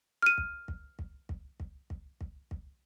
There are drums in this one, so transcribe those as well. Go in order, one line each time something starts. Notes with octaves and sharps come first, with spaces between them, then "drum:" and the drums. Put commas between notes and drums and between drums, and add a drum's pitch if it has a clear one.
F6 D#7
drum: kick
drum: kick
drum: kick
drum: kick
drum: kick
drum: kick
drum: kick
drum: kick